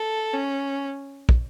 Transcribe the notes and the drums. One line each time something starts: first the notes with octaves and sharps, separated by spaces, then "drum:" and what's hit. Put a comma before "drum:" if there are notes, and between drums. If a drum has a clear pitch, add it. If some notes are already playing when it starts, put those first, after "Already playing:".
Already playing: A4
C#4
drum: kick